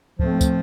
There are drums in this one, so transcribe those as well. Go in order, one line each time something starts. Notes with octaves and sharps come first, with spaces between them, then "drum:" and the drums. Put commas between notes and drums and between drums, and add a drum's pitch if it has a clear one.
A2 F3 A3 C4, drum: kick
drum: kick, tambourine